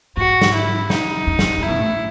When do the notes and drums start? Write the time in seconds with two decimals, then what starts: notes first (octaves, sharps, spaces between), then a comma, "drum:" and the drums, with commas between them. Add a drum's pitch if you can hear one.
0.17 G#2 F#4
0.42 drum: snare
0.54 E4
0.90 D#4, drum: snare
1.27 F#2
1.39 drum: snare
1.57 C#3
1.63 E4
1.68 B2
1.78 A2